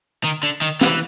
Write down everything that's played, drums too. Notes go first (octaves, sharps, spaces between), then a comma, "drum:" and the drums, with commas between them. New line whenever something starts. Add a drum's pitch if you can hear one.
D#3, drum: tambourine
D3
D#3, drum: tambourine
E3, drum: snare